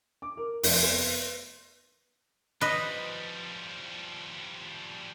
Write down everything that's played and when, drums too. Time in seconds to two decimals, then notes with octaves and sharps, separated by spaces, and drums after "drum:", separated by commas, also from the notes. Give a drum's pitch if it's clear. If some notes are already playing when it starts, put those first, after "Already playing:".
0.22 D6
0.37 A#4
0.63 F1, drum: open hi-hat
0.83 B3
2.61 F3 G3 B4 D#5